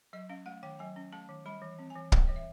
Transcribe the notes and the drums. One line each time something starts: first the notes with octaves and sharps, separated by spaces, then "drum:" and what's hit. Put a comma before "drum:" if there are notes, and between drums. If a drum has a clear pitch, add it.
F#3 D#5
C#4 F5
A3 F#5
D#3 G5
F#3 G#5
C#4
A3 A5
D#3
G3 B5
E3
C4
G#5
E3
G3 G5, drum: kick
E3 D#5
E5